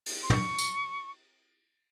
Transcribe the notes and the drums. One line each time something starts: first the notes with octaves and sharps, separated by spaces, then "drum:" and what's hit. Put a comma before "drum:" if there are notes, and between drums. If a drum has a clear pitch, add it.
drum: open hi-hat
C6
C#6, drum: tom
drum: tambourine